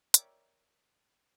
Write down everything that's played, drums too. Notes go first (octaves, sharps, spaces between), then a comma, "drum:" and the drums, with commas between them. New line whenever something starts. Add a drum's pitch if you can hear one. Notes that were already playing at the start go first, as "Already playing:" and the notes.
A#4 C#5 D5 E5 G5, drum: hi-hat